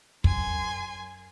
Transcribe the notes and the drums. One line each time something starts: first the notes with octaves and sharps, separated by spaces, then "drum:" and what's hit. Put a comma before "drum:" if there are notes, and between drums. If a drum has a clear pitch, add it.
F#2 G#5 C6, drum: kick